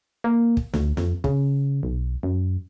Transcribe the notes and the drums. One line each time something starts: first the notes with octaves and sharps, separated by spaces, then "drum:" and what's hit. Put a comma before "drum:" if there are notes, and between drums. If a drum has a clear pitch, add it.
A#3
drum: kick
D2, drum: snare
F2, drum: snare
C#3, drum: kick
B1
F#2